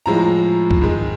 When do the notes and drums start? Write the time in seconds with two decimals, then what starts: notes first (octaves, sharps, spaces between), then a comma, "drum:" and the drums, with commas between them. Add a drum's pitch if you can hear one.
0.06 A2 F3 G#3 A#5
0.71 drum: kick
0.82 G#2 D#3 G#3